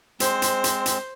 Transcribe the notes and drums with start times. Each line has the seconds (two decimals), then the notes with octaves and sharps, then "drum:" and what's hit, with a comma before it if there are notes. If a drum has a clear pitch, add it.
0.20 G#3 C4 C5, drum: hi-hat
0.42 drum: hi-hat
0.64 drum: hi-hat
0.86 drum: hi-hat